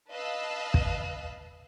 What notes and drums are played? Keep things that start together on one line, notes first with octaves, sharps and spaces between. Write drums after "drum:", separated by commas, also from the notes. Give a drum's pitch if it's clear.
B4 D#5 F5 A5 E6 F#6
drum: kick